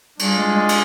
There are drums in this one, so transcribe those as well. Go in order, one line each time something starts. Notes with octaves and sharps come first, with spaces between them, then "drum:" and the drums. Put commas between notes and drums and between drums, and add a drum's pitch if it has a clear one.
G3 D4 F4 G#4, drum: cymbal
G#3
G#3
drum: cymbal